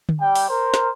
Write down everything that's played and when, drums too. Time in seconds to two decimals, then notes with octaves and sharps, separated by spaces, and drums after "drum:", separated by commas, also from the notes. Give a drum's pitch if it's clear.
0.09 drum: tom D3
0.20 G3 G5
0.35 drum: open hi-hat
0.49 A#4 C5
0.74 drum: snare